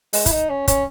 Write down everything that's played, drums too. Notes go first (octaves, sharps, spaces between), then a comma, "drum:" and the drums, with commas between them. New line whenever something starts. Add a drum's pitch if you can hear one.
G#3, drum: open hi-hat
E4, drum: kick, hi-hat
D#4
C#4
C#4, drum: kick, hi-hat